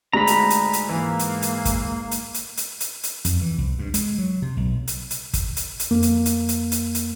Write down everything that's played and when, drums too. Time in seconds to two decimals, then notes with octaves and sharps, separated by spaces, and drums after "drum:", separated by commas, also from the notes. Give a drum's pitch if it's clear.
0.13 D2 G#2 G#3 A#5 B5
0.27 drum: hi-hat
0.50 drum: hi-hat
0.73 drum: hi-hat
0.89 G#2 E3 A#3
1.19 drum: hi-hat
1.42 drum: hi-hat
1.65 drum: kick, hi-hat
2.11 drum: hi-hat
2.34 drum: hi-hat
2.57 drum: hi-hat
2.80 drum: hi-hat
3.03 drum: hi-hat
3.25 F2, drum: hi-hat
3.41 E3
3.58 C2
3.79 G2
3.94 G#3, drum: hi-hat
4.18 F#3
4.42 C3
4.57 B1
4.88 drum: hi-hat
5.11 drum: hi-hat
5.34 drum: kick, hi-hat
5.57 drum: hi-hat
5.80 drum: hi-hat
5.91 F2 A#3
6.03 drum: hi-hat
6.26 drum: hi-hat
6.49 drum: hi-hat
6.72 drum: hi-hat
6.95 drum: hi-hat